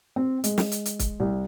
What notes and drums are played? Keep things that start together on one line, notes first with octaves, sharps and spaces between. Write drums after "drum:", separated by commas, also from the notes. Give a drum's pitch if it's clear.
C4
G#3, drum: hi-hat
drum: snare
drum: hi-hat
drum: hi-hat
drum: kick, hi-hat
C2